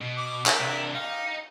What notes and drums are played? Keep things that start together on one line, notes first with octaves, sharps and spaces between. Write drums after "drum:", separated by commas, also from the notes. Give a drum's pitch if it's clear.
B2
D6
A#4 D5 E5, drum: clap
C3 D4
D#4 G4 F5